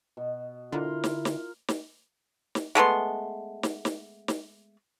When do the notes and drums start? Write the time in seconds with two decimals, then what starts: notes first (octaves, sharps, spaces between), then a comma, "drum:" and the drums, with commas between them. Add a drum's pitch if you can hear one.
0.17 B2
0.72 D3 E4 F4 A#4 C6
1.04 drum: snare
1.25 drum: snare
1.68 drum: snare
2.55 drum: snare
2.75 G#3 A3 B3 C6
3.63 drum: snare
3.85 drum: snare
4.28 drum: snare